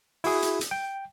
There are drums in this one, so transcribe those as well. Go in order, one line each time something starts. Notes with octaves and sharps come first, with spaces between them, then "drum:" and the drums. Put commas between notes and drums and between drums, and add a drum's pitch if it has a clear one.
E4 F#4 G#4, drum: open hi-hat
drum: hi-hat
drum: hi-hat
G5